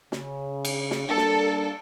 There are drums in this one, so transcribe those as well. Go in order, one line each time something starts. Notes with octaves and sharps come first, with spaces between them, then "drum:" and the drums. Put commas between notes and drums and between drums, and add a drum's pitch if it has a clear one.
C#3, drum: snare
drum: cymbal
drum: snare
G3 A#3 D4 A4
drum: snare